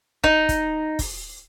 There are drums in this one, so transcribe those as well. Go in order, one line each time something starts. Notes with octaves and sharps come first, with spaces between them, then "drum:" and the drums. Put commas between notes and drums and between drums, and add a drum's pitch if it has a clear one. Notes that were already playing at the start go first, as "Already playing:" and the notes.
D#4, drum: kick
drum: kick, hi-hat
drum: kick, open hi-hat